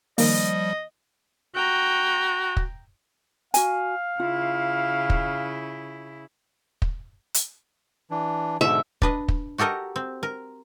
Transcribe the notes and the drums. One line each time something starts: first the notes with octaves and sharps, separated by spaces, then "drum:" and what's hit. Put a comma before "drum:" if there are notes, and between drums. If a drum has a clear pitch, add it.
D#3 F3 G3 A#3 D#5, drum: open hi-hat
F#4 G5 A#5
drum: kick
F#4 F5 G#5, drum: hi-hat
C#3 E4 F4
drum: kick
drum: kick
drum: hi-hat
E3 D4
G#2 B2 D3 E5
D4 B4 D#5, drum: kick
drum: kick
F#4 G4 A4 A#4 D#5
C4
A#4